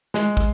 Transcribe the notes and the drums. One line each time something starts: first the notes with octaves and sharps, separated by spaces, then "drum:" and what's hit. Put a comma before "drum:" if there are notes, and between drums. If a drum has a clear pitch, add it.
G#3, drum: snare
drum: kick